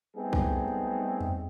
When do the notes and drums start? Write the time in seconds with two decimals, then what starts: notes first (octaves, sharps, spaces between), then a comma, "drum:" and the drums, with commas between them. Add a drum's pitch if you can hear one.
0.15 G3 A3 B3 C4 D#4 G#4
0.33 drum: kick B1
0.68 drum: tom F#3
1.21 drum: tom E2